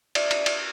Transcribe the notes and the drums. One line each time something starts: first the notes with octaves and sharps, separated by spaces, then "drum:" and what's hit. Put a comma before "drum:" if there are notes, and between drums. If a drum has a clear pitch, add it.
D5 E5, drum: cymbal
drum: cymbal
drum: cymbal